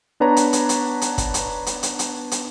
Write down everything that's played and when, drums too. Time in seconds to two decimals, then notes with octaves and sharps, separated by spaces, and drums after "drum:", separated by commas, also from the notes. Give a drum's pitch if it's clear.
0.20 B3 D4 B4 C#5 A#5
0.37 drum: hi-hat
0.53 drum: hi-hat
0.69 drum: hi-hat
1.01 drum: hi-hat
1.18 drum: kick, hi-hat
1.34 drum: hi-hat
1.66 drum: hi-hat
1.83 drum: hi-hat
1.99 drum: hi-hat
2.31 drum: hi-hat